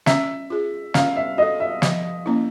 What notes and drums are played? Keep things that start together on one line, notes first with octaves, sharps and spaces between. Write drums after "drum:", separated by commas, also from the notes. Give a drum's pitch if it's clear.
C#4 E5, drum: snare
F4 G#4
C#4 F5, drum: snare
E5
F#4 A4 D#5
E5
F3, drum: snare
A#3 C#4 E4